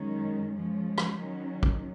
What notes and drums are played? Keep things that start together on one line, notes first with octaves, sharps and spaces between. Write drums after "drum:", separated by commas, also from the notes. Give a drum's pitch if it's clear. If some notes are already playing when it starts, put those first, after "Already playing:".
Already playing: F#2 D#3 G#3 C#4
F3 G#3 C#4
drum: rim click
D#3 F#3 C#4
drum: kick